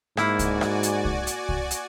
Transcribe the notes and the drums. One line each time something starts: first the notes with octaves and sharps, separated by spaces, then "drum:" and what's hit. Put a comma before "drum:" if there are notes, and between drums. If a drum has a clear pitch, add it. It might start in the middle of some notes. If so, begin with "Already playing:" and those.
G#2 A#3 E4 F#4 D5 G#5, drum: rim click
drum: kick C2, hi-hat
drum: rim click
drum: hi-hat
drum: kick C2
drum: hi-hat
drum: kick C2
drum: hi-hat